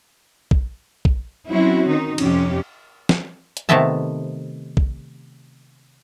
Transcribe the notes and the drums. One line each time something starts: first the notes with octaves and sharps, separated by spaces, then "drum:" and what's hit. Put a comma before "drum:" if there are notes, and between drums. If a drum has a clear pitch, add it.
drum: kick B1
drum: kick B1
F#3 C4 C#4 E4 F#4
D#3 D#4
F2 C3 C#4 G4, drum: cymbal
drum: snare
drum: hi-hat
C3 D#3 A3 B3 E5 A5
drum: kick B1